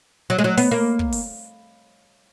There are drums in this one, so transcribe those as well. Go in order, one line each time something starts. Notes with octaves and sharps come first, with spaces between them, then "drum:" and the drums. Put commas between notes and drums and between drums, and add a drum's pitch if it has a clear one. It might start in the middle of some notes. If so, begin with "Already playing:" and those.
F#3
G#3
F#3
B3, drum: open hi-hat
A#3
drum: kick
drum: open hi-hat